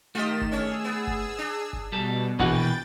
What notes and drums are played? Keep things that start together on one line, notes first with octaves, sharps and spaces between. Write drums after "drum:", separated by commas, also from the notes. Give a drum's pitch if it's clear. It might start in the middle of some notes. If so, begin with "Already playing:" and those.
D#3 A3 F4 G4 D#5 E7
drum: kick G1
C#4 D4 G#4 C#5 E6
B3
drum: kick G1
D4
drum: kick G1
B2 G3 A4
A#1 B2 E3 F#4 B4 F#5 G5 A6, drum: kick G1